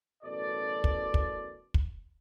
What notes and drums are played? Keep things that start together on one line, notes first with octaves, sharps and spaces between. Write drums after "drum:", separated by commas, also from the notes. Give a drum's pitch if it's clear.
A1 F#2 B2 A4 D5
drum: kick
drum: kick
drum: kick